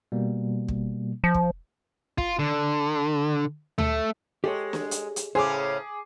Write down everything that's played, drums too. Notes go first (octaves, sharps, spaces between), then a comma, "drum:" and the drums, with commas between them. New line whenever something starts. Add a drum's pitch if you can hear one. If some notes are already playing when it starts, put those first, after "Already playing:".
B2 G3 A#3
drum: kick
F3
drum: kick
F4, drum: kick
D3
A3, drum: tom D2
G#3 G4 A4 C#5
drum: snare
drum: hi-hat
drum: hi-hat
A2 C#3 C#4 G#4 C5 D6